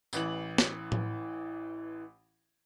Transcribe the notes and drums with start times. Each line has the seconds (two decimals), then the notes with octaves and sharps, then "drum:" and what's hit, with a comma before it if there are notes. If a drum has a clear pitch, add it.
0.13 A1 E3 F#7, drum: tambourine
0.58 drum: snare
0.92 drum: tom A2